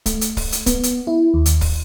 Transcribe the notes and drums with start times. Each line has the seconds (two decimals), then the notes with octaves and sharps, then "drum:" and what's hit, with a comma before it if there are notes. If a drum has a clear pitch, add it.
0.06 A3, drum: kick, hi-hat
0.21 drum: hi-hat
0.37 drum: kick, open hi-hat
0.52 drum: hi-hat
0.66 B3, drum: kick, hi-hat
0.83 drum: hi-hat
1.07 E4
1.34 D#2
1.46 drum: hi-hat
1.61 drum: kick, open hi-hat